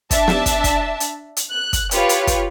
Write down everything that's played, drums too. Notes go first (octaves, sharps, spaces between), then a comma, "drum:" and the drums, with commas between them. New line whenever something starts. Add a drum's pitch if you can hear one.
D4 E5 A5, drum: kick, hi-hat
drum: snare
drum: kick, hi-hat
drum: kick, hi-hat
drum: hi-hat
drum: hi-hat
F#6
drum: kick, hi-hat
F4 G4 B4 C#5, drum: hi-hat
drum: hi-hat
drum: kick, hi-hat